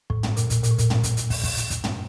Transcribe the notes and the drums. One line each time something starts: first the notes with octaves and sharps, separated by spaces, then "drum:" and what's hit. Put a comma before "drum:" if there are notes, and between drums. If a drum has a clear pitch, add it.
A2, drum: kick
drum: tom
A#2, drum: hi-hat
drum: kick, hi-hat
A#2, drum: hi-hat
A2
A#2, drum: kick, hi-hat
drum: tom
drum: kick, hi-hat
drum: hi-hat
drum: kick, open hi-hat
drum: kick, open hi-hat
drum: hi-hat
drum: kick, hi-hat
drum: tom